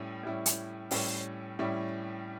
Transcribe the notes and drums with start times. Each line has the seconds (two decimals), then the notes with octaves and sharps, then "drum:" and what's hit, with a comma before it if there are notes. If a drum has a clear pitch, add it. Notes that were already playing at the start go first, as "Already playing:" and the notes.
Already playing: A2 G3 C#4 E4
0.23 A2 G3 C#4 E4
0.46 drum: hi-hat
0.91 A2 G3 C#4 E4, drum: open hi-hat
1.59 A2 G3 C#4 E4